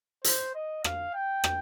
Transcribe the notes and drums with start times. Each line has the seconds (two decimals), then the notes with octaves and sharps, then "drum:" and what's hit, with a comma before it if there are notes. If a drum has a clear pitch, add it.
0.24 C5, drum: hi-hat
0.55 D#5
0.84 F5, drum: rim click
1.14 G5
1.44 drum: rim click